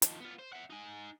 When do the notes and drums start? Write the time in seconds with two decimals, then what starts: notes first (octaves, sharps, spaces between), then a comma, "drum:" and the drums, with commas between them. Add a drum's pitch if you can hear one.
0.02 D#3 F3, drum: hi-hat
0.20 B3 F4
0.39 C5
0.52 E5 F#5
0.70 D#4 G#5